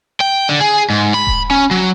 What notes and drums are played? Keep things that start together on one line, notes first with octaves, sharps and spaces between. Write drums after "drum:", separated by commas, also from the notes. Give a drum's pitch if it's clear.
G5
D3
G#4
G#2
B5
drum: kick D#1
C#4
F#3